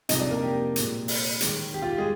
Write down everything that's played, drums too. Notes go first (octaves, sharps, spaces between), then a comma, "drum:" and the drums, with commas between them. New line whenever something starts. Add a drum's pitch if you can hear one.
C3 F3 G#3 D#4 D#5, drum: hi-hat
D4 D5
A#3 A#4
G4
A#2 G#3, drum: hi-hat
drum: open hi-hat
D#3 G#3, drum: hi-hat
G4
F4
G4
G#3 G#4